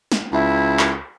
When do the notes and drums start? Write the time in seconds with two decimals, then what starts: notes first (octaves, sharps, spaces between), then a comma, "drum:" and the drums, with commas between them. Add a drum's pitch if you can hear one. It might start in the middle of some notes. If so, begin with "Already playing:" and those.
0.12 drum: snare
0.32 C#2 E4
0.79 drum: clap